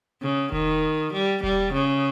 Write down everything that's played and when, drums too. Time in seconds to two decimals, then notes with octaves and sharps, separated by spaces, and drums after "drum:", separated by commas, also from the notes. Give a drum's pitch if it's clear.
0.22 C#3
0.52 D#3, drum: kick E1
1.13 G3
1.43 G3, drum: kick E1
1.73 C#3